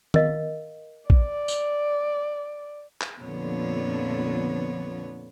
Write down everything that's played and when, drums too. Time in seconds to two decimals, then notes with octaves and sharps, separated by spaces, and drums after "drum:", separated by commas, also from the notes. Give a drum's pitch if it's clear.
0.14 A#4 D#5 F5, drum: tom D#3
1.10 D5, drum: kick A#1
1.48 drum: tambourine
3.01 drum: clap
3.21 F2 A#2 D3 F3 B3 C#5